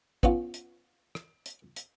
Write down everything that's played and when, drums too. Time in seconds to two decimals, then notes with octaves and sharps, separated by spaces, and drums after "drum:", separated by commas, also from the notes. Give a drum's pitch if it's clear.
0.23 B3 C#4 F4, drum: kick
0.54 drum: hi-hat
1.15 drum: rim click
1.46 drum: hi-hat
1.76 drum: hi-hat